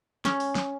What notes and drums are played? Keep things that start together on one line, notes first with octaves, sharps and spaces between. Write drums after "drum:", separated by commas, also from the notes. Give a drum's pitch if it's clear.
C#4, drum: snare
drum: open hi-hat
drum: snare